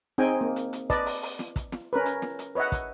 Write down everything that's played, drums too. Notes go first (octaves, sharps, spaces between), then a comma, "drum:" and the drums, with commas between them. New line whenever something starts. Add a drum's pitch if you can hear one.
C4 D#4 G#4 D#5 G5 G#5
A#3
drum: hi-hat
drum: hi-hat
B4 D5 D#5 A5, drum: kick, hi-hat
drum: open hi-hat
drum: open hi-hat
drum: snare
drum: kick, hi-hat
drum: snare
C#4 A#4 B4
drum: hi-hat
drum: snare
drum: hi-hat
B4 C#5 D#5 E5 F#5
drum: kick, hi-hat